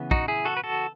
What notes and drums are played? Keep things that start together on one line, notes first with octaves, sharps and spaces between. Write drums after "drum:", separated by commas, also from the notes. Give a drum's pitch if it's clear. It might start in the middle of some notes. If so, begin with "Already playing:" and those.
Already playing: C#3 E3 B3
D#4 F#4, drum: kick
E4 G#4
F#4 A4
B4
F#4 A4